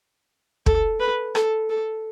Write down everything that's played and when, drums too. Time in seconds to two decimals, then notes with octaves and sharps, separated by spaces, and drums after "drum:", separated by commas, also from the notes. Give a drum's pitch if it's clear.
0.66 A4, drum: kick
1.00 B4
1.35 A4, drum: rim click
1.69 A4